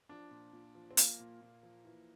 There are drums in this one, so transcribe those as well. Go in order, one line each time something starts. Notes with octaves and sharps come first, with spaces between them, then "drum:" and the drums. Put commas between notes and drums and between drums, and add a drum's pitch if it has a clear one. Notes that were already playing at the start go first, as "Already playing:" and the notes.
F3 D4
A#2
A#2
F3
C4
F3 A#3, drum: hi-hat
A#2
A#2
F3
E3